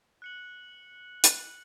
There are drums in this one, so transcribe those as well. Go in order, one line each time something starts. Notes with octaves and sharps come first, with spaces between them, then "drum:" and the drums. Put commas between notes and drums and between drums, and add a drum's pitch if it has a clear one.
F#6 C#7 F#7
drum: hi-hat